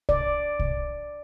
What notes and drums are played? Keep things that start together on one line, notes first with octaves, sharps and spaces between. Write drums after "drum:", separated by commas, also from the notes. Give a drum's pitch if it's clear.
D5, drum: kick
drum: kick